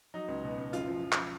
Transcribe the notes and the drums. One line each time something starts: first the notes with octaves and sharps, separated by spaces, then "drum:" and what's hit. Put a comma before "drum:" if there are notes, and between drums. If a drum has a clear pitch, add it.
F#3 D#4
C#2
B2
C#2
F#2 F4, drum: hi-hat
F3
F3
drum: clap